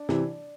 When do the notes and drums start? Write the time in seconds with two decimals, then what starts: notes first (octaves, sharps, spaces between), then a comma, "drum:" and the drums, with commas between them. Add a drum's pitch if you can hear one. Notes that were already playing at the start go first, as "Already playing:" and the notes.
Already playing: D4
0.09 C3 E3, drum: snare